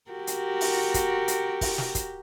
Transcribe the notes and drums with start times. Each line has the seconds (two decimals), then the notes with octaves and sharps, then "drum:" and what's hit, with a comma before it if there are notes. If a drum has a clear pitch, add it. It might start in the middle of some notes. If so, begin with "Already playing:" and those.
0.10 F#4 G4 A#4
0.27 drum: hi-hat
0.61 drum: open hi-hat
0.94 drum: kick, hi-hat
1.28 drum: hi-hat
1.61 drum: kick, open hi-hat
1.78 drum: snare
1.95 drum: kick, hi-hat